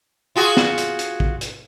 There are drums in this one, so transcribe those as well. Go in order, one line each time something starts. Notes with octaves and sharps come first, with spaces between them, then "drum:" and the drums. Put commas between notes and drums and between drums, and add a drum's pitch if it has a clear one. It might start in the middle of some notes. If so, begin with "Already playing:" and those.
F4 F#4 G#4
drum: snare
drum: hi-hat
drum: hi-hat
drum: kick
drum: hi-hat